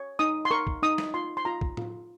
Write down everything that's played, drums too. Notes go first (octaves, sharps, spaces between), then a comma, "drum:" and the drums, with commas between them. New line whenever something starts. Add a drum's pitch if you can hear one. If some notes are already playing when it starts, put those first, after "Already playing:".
Already playing: C#5
D#4 D#6
C6
A#4 C#6
drum: kick
D#4 D#6
drum: snare
F4 C6
C6
F4 A#5
drum: kick
F4, drum: tom A2